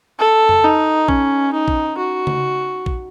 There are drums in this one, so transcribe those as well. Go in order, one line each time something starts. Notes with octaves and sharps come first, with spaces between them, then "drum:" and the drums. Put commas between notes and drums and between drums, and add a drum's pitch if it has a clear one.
A4
drum: tom F2
D#4
C#4, drum: kick A#1
D#4
drum: kick A#1
F#4
drum: tom C#3
drum: kick A#1